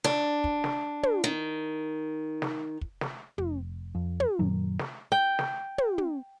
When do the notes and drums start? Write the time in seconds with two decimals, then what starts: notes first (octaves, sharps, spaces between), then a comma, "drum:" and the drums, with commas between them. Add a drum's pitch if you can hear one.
0.04 D4, drum: snare
0.44 drum: kick
0.64 drum: snare
1.03 drum: tom
1.24 D#3
2.42 drum: snare
2.81 drum: kick
3.01 drum: snare
3.38 F1, drum: tom
3.95 F2
4.20 drum: tom
4.39 F#2 A#2 D#3 F#3
4.79 drum: snare
5.12 G5
5.39 drum: snare
5.78 drum: tom
5.98 drum: tom